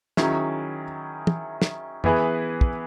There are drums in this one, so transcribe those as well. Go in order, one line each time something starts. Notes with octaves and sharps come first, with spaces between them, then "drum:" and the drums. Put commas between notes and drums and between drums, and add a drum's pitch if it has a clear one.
D#3 F#3 C#4 E4 G#4, drum: snare
drum: tom
drum: snare
E3 B3 E4 G#4 B4, drum: tom F2
drum: kick